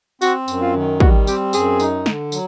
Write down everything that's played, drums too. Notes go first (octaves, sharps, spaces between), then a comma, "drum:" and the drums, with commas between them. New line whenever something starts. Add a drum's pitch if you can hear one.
C4 F#4, drum: tambourine
F#2, drum: tambourine
F4
D#3
G3 F#4, drum: kick
C4 G4, drum: tambourine
F#2 G#4, drum: tambourine
D#4, drum: tambourine
D3, drum: snare
F#3, drum: tambourine